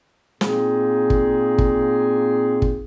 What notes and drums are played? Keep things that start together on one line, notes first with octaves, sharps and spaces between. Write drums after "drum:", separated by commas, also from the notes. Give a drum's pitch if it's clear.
A#2 A#3 C4 D#4 G#4, drum: snare
drum: kick
drum: kick
drum: kick